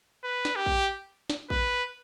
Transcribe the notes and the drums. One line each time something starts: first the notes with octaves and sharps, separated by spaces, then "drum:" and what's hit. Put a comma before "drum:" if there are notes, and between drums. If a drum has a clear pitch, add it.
B4
drum: snare
G4
drum: kick
drum: snare
B4, drum: kick